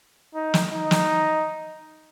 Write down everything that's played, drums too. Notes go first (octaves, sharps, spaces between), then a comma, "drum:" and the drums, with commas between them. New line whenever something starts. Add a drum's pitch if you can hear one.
D#4
drum: snare
D#4
drum: snare